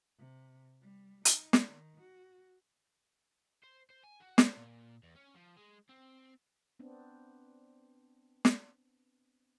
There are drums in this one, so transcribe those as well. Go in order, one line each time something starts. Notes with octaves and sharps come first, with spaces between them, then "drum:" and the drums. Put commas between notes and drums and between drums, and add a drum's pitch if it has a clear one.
C3
G3
D#4, drum: hi-hat
drum: snare
D#3
F#4
C5
C5
G#5
F#4
C5, drum: snare
A#2
E2
C#4
F3
G#3
C4
B3 C4 D4
drum: snare